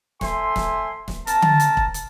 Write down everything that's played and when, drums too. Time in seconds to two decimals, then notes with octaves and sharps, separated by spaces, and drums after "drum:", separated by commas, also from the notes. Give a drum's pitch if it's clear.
0.21 A4 C5 E5 G#5 C6, drum: snare
0.56 drum: snare
1.08 drum: snare
1.27 C4 A#4 A5, drum: hi-hat
1.42 drum: tom D3
1.60 drum: hi-hat
1.77 drum: kick E1
1.94 drum: hi-hat